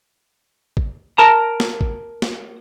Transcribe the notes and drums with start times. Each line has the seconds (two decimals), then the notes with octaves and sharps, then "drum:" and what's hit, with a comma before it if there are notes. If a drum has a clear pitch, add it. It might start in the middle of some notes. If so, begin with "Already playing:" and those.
0.77 drum: kick A1
1.18 A#4 A5 A#5
1.60 drum: snare
1.81 drum: kick A1
2.22 drum: snare